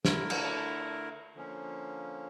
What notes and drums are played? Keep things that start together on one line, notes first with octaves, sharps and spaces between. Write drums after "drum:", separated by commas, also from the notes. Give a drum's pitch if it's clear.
D3 A3 E4 A#4, drum: snare
drum: cymbal
D3 F3 A#3 C#4